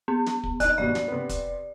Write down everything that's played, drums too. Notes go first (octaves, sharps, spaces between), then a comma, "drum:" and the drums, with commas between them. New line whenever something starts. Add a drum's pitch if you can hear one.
B3
drum: snare
drum: kick
D#4 D5 F#6, drum: kick, hi-hat
D#2 G#2 B2 D5
drum: snare
C3 B3
drum: kick, hi-hat